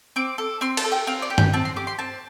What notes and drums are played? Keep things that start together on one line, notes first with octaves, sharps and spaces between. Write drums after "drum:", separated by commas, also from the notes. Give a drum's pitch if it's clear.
C4 D6
A4
C4 C6
A5, drum: cymbal
A4
G5
C4 F5
D5
G4
G5, drum: tom G2
C4 A5
C6
G4 D6
C6
C4 A5